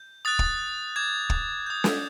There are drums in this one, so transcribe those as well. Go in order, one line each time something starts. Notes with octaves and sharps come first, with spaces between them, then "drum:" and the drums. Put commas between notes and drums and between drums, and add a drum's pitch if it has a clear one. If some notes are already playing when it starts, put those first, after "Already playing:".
Already playing: G6
D#6 F#6 A6
drum: kick
D6 G6 G#6
drum: kick
D#6 G6
drum: snare